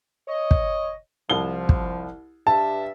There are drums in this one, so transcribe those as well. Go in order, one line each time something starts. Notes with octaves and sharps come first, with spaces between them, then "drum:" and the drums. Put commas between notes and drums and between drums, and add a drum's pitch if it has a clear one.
C#5 D#5
drum: kick
C2 F3 G7
drum: kick
G2 E5 A5